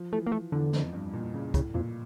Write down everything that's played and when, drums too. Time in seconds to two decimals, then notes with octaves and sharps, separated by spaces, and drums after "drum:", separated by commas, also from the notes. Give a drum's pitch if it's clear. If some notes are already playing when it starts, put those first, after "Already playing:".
Already playing: F3
0.12 E3 A3
0.27 A#3
0.32 A3
0.52 E2 D3
0.73 F2, drum: snare
0.93 G2
1.14 A#2
1.34 C#3
1.54 A2 C#3, drum: kick, hi-hat
1.74 F2 A#2